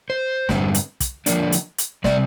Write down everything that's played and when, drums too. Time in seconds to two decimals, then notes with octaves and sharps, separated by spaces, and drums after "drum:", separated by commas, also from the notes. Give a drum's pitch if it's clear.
0.10 C5
0.49 G2 D3 G3 C4, drum: snare
0.74 drum: hi-hat
1.00 drum: kick, hi-hat
1.26 D3 F3 A#3 D4, drum: hi-hat
1.52 drum: hi-hat
1.78 drum: hi-hat
2.04 C3 G3 C4 D5, drum: snare